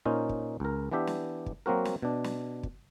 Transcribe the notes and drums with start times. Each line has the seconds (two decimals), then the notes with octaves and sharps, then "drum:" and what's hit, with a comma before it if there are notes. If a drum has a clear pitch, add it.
0.05 A#2 C#4 D#4 A#4 C5
0.29 drum: kick
0.60 C#2 A#4
0.92 E3 B3 D4 G4 E5
1.07 drum: snare
1.46 drum: kick
1.66 F#3 A#3 C4 F#4 A#4
1.85 drum: snare
2.02 B2 D4
2.24 drum: snare
2.63 drum: kick